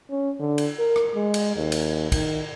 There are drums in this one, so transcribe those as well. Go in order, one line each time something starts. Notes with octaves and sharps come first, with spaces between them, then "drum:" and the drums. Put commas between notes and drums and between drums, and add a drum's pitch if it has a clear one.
C#4
D3
drum: cymbal
A#4
drum: rim click
G#3
drum: cymbal
D#2
drum: cymbal
D#3, drum: kick, cymbal